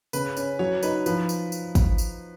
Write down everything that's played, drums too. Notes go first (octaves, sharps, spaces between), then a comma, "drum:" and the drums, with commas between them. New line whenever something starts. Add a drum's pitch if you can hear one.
C#3 B4, drum: tambourine
C#4, drum: tambourine
F#3 C#5
D#4 B4, drum: tambourine
F3 B4, drum: tambourine
drum: tambourine
drum: tambourine
drum: kick, tambourine
drum: tambourine